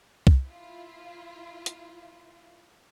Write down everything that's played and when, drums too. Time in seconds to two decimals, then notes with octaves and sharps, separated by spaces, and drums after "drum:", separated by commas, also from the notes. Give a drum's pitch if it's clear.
0.27 drum: kick C2
0.44 E4 F4
1.66 drum: hi-hat